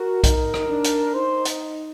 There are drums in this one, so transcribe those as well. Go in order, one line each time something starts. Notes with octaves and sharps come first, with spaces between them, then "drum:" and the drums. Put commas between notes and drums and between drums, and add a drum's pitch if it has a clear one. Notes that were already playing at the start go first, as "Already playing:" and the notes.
Already playing: F#4 A#4
D#4, drum: kick B1, hi-hat
drum: rim click
D4
drum: hi-hat
D#4 C5
drum: hi-hat